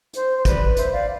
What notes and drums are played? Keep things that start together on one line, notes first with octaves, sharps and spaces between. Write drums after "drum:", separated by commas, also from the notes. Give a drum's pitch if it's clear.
C5, drum: hi-hat
C5
B4 D5, drum: kick, hi-hat
C5 E5, drum: hi-hat
D5 F5